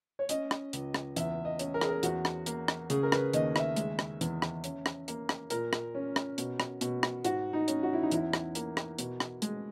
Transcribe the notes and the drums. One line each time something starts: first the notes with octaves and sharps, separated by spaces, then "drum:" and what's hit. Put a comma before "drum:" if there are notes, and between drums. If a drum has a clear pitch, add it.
C#5
C#4 D#5, drum: hi-hat
drum: rim click
C#2, drum: hi-hat
drum: rim click
E2 E5, drum: hi-hat
D#5
C#4, drum: hi-hat
A#4
G#4, drum: rim click
A#4
E2 F#4, drum: hi-hat
drum: rim click
A#3, drum: hi-hat
drum: rim click
C#3 G#4, drum: hi-hat
A#4
B4, drum: rim click
D#2 D#5, drum: hi-hat
E5, drum: rim click
G#3, drum: hi-hat
drum: rim click
E2, drum: hi-hat
drum: rim click
C#4, drum: hi-hat
drum: rim click
A#3, drum: hi-hat
drum: rim click
A#2 A#4, drum: hi-hat
drum: rim click
C#4
drum: rim click
B2, drum: hi-hat
drum: rim click
B2, drum: hi-hat
drum: rim click
G#2 F#4, drum: hi-hat
D#4
C#4, drum: hi-hat
F#4
E4
D#4
E2 E4, drum: hi-hat
drum: rim click
A#3, drum: hi-hat
drum: rim click
B2, drum: hi-hat
drum: rim click
G#3, drum: hi-hat